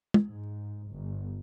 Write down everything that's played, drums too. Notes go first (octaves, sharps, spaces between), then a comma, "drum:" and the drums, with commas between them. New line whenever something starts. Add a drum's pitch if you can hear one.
drum: tom
G#2
G1